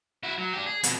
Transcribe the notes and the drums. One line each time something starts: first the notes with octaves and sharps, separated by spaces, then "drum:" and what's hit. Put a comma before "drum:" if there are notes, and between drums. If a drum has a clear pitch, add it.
E4 F#4
F#3
D4 G4
G#4
F2 B2, drum: hi-hat